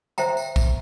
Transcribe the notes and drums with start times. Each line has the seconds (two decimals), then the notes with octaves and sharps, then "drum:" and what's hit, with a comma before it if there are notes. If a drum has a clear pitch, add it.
0.18 C5 E5 G5 A#5, drum: tambourine
0.37 drum: tambourine
0.56 drum: kick, tambourine